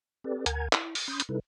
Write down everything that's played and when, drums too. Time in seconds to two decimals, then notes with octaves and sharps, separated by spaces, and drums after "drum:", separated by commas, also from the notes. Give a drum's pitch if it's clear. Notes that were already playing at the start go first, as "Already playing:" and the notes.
0.24 C4 G4 A4 B4 D5
0.46 D2 A#4 F#5 G#5 A#5 G#6, drum: hi-hat
0.73 E4, drum: clap
0.95 drum: open hi-hat
1.08 C#4 B5 C6 D#6 G6
1.20 drum: hi-hat
1.29 C3 G3 D#4 E4 A4 B4